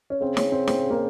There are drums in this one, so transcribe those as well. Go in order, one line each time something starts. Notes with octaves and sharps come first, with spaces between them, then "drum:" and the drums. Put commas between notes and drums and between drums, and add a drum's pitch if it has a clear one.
C#4
C#3 C4
C#4, drum: snare
C4
C4, drum: snare
A#3